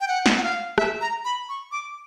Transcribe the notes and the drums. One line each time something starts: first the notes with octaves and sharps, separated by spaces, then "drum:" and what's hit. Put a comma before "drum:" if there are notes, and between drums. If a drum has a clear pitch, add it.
G5
F#5
drum: snare
F#5
F5
E5, drum: rim click
A#5
B5
C#6
D6